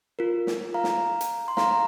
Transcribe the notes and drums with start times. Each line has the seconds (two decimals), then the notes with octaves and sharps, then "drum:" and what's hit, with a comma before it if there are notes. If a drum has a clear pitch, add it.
0.19 F4 A#4
0.47 drum: snare
0.74 F5 A#5
0.84 drum: snare
1.21 drum: hi-hat
1.48 C6
1.57 F5 A#5, drum: snare